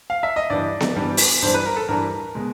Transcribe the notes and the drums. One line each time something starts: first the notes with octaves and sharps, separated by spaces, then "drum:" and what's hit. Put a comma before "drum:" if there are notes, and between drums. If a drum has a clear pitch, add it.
F5
E5
D#5
G2 E3 G3 D5
drum: snare B3
G2 E3 G3
drum: open hi-hat
G2 E3 G3 C5
B4
A#4
A4
G2 E3 G3 A#4
B2 G#3